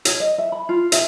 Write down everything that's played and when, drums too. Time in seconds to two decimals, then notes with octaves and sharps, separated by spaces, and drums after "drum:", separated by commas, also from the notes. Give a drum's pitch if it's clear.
0.05 C#5, drum: hi-hat
0.20 D#5
0.38 E5
0.52 B5
0.69 F4
0.92 E5, drum: hi-hat